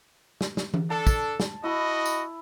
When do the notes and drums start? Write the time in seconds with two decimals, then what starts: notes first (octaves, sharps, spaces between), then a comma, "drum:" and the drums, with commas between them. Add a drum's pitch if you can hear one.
0.41 drum: snare
0.57 drum: snare
0.74 drum: tom E3
0.90 D4 A4 A5
1.07 drum: kick, tambourine
1.40 drum: snare
1.64 E4 F#4 D#5 B5
2.06 drum: tambourine